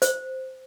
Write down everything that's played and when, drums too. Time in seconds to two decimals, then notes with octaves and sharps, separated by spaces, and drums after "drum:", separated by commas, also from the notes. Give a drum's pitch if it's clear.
0.02 C5, drum: hi-hat